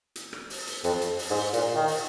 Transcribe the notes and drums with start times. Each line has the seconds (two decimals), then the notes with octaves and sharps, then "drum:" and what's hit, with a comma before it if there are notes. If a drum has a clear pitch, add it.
0.16 drum: hi-hat
0.33 drum: rim click
0.50 drum: open hi-hat
0.67 drum: hi-hat
0.84 F2, drum: hi-hat
1.02 drum: hi-hat
1.19 drum: open hi-hat
1.30 G#2
1.53 A#2, drum: hi-hat
1.76 D#3
1.88 drum: open hi-hat